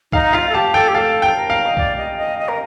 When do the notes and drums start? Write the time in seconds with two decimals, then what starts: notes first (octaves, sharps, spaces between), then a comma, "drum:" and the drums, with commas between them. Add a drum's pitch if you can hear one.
0.12 D#4 F5, drum: kick
0.33 F4 F5
0.49 A4
0.54 G4 F5 A5
0.74 A4 G5
0.88 G4
0.94 A4 F5
1.22 G5
1.36 A#4
1.50 F5
1.65 D#5
1.77 D5, drum: kick
1.97 D#5
2.17 D#5
2.39 D#5
2.48 A#4